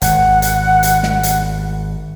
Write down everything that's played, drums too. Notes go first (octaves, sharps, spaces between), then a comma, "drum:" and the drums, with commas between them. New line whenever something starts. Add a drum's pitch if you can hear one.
G#1 F#5, drum: hi-hat
drum: hi-hat
drum: hi-hat
drum: snare
drum: hi-hat